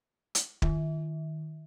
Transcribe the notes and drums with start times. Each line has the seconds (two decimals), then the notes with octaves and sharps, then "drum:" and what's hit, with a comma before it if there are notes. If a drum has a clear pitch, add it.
0.35 drum: hi-hat
0.62 D#3, drum: kick